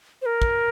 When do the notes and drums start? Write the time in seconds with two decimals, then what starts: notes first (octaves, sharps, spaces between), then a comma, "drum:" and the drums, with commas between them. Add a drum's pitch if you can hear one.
0.22 C5
0.26 A#4
0.42 drum: kick